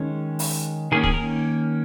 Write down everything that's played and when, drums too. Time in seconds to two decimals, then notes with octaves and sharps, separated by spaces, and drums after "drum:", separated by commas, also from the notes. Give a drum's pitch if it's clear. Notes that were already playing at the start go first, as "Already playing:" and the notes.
Already playing: D#3 G#3 C#4
0.39 drum: open hi-hat
0.92 D#3 A#3 C#4 G#4
1.04 G#4, drum: kick
1.14 A#4